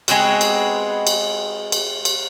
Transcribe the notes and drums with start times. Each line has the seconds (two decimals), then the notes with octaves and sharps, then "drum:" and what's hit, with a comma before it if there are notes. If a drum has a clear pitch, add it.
0.08 G#3 B3 C4 F#4, drum: cymbal
0.41 drum: cymbal
1.07 drum: cymbal
1.72 drum: cymbal
2.05 drum: cymbal